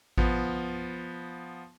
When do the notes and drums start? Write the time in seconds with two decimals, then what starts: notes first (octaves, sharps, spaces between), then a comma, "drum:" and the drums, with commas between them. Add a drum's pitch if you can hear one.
0.18 F3 B3, drum: kick A1